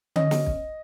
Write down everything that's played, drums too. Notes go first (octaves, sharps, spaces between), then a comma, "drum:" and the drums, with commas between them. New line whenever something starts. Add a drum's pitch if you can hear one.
C#4 D#5, drum: tom D3
drum: snare
drum: kick